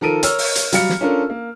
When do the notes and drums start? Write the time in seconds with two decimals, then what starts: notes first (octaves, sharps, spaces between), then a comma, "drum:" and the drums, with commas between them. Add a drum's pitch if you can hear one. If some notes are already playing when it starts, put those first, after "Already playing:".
0.01 D#3 F3 A4 A#4 D7 D#7
0.23 A#4 C#5 E6 F6, drum: hi-hat
0.39 drum: open hi-hat
0.55 drum: hi-hat
0.72 F#3 G3 F5 F6 C#7, drum: hi-hat
0.89 drum: snare
1.01 C#4 D4 F4 A4 A#4
1.30 A#3